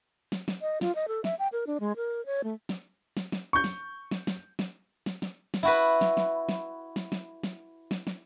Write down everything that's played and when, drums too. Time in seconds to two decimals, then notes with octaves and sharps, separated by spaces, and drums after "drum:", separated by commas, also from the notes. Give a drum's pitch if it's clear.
0.32 drum: snare
0.48 drum: snare
0.62 D#5
0.81 F4, drum: snare
0.95 D#5
1.08 A4
1.24 E5, drum: snare
1.39 G5
1.52 A#4
1.67 D4
1.80 G#3
1.97 A#4
2.26 C#5
2.44 A3
2.69 drum: snare
3.17 drum: snare
3.32 drum: snare
3.53 C#6 G6
3.64 drum: snare
4.11 drum: snare
4.27 drum: snare
4.59 drum: snare
5.06 drum: snare
5.22 drum: snare
5.54 drum: snare
5.63 E4 F#4 B4
6.01 drum: snare
6.17 drum: snare
6.49 drum: snare
6.96 drum: snare
7.12 drum: snare
7.44 drum: snare
7.91 drum: snare
8.07 drum: snare